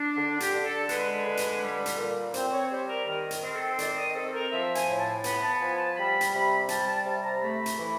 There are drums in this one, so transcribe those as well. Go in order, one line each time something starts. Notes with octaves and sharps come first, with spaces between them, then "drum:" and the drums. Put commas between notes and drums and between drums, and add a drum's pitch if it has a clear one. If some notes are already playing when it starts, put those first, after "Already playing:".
Already playing: D4
D3
G4, drum: hi-hat
D3
A4
G#3 B4, drum: hi-hat
D3
drum: hi-hat
G3
drum: hi-hat
A#2
C4 C5, drum: hi-hat
C#5
G3 C5
A#4
D#3 A#4
drum: hi-hat
C4
A#4
A4
D#3 D5, drum: hi-hat
D#5
C4 A4
A#4
F3 E5
G#5, drum: hi-hat
A2
A5
B3 B5, drum: hi-hat
A5
F3 G#5
A5
G3 B5
drum: hi-hat
C3 B5
G3 A5, drum: hi-hat
A5
C3 A5
A#5
A3 B5
drum: hi-hat
E3